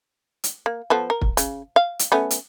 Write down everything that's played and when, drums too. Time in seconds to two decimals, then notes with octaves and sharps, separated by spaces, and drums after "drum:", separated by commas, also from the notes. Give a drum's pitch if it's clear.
0.44 drum: hi-hat
0.66 A#3
0.90 F3 B3 A4
1.10 A#4
1.21 drum: kick
1.37 C#3, drum: hi-hat
1.76 F5
1.99 drum: hi-hat
2.12 A3 B3 C#4
2.31 drum: hi-hat